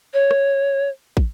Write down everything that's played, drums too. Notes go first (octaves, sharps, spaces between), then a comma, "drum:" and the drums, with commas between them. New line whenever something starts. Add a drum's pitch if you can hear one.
C#5
drum: rim click
drum: kick